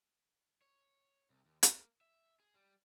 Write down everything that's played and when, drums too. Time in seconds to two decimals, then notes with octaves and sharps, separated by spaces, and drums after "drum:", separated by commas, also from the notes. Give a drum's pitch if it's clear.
0.62 C#5
1.30 C2
1.45 D#2
1.63 A#3, drum: hi-hat
2.01 E5
2.40 G#4
2.54 G3